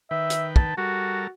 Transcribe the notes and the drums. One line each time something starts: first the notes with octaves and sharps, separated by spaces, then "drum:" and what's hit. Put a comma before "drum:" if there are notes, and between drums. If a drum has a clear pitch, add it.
D#3 B4 E5 G5
drum: hi-hat
A5, drum: kick
G3 F#4 A4 A#4